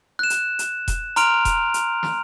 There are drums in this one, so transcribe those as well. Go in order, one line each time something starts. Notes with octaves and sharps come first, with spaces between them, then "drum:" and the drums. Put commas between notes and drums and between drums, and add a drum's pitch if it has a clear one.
F#6 E7
drum: hi-hat
drum: hi-hat
drum: kick E1, hi-hat
A#5 C6 F6 D7 F7, drum: hi-hat
drum: kick E1, hi-hat
drum: hi-hat
drum: snare